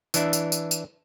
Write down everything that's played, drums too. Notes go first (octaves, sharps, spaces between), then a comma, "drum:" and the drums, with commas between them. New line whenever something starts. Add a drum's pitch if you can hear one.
E3 D4 E5, drum: tambourine
drum: tambourine
drum: tambourine
drum: tambourine